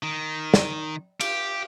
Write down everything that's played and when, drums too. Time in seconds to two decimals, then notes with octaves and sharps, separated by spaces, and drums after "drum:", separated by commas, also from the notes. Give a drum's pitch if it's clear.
0.03 D#3
0.54 drum: snare
1.21 G4, drum: cymbal